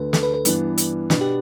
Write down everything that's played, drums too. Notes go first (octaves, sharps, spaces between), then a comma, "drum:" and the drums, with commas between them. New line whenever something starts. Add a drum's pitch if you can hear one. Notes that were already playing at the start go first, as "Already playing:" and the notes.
Already playing: D2 D3 A3 B4
A4, drum: snare
B4
B4
G2 E3 B3 D4, drum: hi-hat
drum: hi-hat
B2 B3 D4 B4, drum: snare
G4